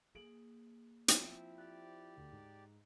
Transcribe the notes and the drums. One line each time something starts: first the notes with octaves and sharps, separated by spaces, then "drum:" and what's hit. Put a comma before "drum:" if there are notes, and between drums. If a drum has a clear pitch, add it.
A#3 G#4 D7 F#7
F3 C4 E4, drum: hi-hat
G4 D5 F#6
D2
G#2